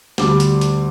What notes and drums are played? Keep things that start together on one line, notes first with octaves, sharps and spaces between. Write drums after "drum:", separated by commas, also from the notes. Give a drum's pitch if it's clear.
D2 D3 G3 D6, drum: snare
drum: hi-hat
drum: hi-hat